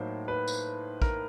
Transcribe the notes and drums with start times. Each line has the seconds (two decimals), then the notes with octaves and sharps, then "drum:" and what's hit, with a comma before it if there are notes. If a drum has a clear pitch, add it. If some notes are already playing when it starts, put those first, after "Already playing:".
Already playing: A2 F#3 A#3 D#4 C5
0.28 B4
0.48 drum: tambourine
1.02 A#4, drum: kick A#1